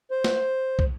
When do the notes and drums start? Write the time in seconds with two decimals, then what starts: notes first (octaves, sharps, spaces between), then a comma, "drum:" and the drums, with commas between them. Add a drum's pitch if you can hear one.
0.11 C5
0.24 drum: snare
0.79 drum: kick